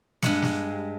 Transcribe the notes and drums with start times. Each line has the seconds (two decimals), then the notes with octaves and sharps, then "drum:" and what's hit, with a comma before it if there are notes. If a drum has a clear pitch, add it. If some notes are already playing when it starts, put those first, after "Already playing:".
0.22 G2 G#3 F#5, drum: snare
0.42 drum: snare